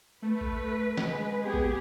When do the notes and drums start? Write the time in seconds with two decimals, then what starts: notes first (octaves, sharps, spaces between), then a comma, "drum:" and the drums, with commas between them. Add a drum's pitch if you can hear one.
0.22 A3 B4
0.41 drum: kick A1
0.97 G#3, drum: snare
1.43 B3 G4 G#4
1.54 drum: kick A1